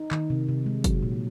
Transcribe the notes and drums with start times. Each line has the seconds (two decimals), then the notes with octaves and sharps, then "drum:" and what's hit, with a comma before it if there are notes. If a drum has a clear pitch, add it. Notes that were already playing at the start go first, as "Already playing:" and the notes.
Already playing: D#4
0.11 D#3, drum: clap
0.30 C3
0.49 C3
0.66 G#3
0.84 F#3, drum: kick, hi-hat
1.02 A#2